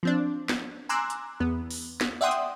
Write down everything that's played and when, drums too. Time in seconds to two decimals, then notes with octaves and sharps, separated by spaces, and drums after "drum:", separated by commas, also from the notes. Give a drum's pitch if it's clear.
0.03 F3 C4 D4
0.49 drum: snare
0.89 G#5 A#5 C6 D6 E6 F#6
1.10 drum: hi-hat
1.40 E2 B3
1.71 drum: open hi-hat
2.01 drum: snare
2.21 D5 E5 F#5 G5 C6 D#6
2.31 drum: hi-hat